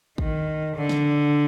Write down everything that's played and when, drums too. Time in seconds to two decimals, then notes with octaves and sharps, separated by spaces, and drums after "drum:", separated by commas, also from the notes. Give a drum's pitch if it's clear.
0.18 D#3, drum: kick
0.76 D3
0.89 drum: snare